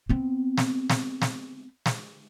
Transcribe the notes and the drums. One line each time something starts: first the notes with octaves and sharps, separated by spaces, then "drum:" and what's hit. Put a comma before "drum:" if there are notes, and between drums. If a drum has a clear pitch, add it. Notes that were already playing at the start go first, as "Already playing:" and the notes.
B3 C4
drum: snare
drum: snare
drum: snare
drum: snare